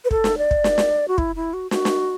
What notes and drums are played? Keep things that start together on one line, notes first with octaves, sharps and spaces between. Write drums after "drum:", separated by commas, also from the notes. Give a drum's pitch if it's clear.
B4
A4, drum: kick
drum: snare
D5
drum: kick
drum: snare
drum: snare
F#4
E4, drum: kick
E4
F#4
F#4, drum: snare
drum: snare